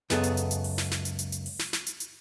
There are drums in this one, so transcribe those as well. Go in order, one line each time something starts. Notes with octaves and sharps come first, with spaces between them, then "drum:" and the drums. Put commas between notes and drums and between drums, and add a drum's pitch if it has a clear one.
C#2 F#2 B3 G#4 A4 C#5, drum: snare
drum: hi-hat
drum: hi-hat
drum: hi-hat
drum: open hi-hat
drum: snare
drum: snare
drum: hi-hat
drum: hi-hat
drum: hi-hat
drum: open hi-hat
drum: snare
drum: snare
drum: hi-hat
drum: hi-hat